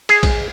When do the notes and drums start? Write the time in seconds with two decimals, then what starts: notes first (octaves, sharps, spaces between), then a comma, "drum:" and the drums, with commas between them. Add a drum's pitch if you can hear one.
0.09 G#4, drum: cymbal
0.23 drum: kick A#1, cymbal